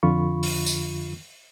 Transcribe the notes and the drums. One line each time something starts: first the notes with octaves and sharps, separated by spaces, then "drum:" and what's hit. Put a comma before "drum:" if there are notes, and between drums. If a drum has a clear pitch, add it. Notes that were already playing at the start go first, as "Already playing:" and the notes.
F2 D3 F4 B5 C#6
drum: open hi-hat
drum: tambourine